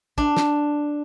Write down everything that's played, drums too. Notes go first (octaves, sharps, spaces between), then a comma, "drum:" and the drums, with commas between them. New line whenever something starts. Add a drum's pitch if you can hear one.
D4, drum: kick
drum: snare